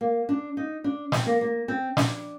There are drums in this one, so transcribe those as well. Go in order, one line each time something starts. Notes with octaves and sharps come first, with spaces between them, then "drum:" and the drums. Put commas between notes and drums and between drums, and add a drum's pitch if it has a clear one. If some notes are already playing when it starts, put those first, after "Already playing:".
A#3
D4
D#4
D4
C4, drum: snare
A#3
A#3
C4
D4, drum: snare